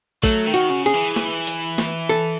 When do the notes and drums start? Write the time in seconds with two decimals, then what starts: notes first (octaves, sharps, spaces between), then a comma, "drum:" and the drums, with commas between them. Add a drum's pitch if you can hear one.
0.23 F#3 A3, drum: kick, hi-hat
0.47 D#3
0.54 F#4, drum: hi-hat
0.70 C#3
0.86 G#4, drum: hi-hat
0.93 E3
1.16 drum: snare
1.47 drum: hi-hat
1.78 drum: snare
2.09 A4, drum: hi-hat